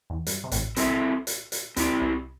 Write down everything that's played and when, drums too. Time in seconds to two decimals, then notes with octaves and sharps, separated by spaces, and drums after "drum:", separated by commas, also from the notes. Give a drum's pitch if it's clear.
0.10 E2
0.27 G2, drum: hi-hat
0.44 C3
0.52 A1 A2, drum: hi-hat
0.76 C2 C3 C4 E4 A4 E5, drum: hi-hat
1.27 drum: hi-hat
1.52 drum: hi-hat
1.76 D2 D3 C4 E4 G4 D5, drum: hi-hat
2.01 C2 C3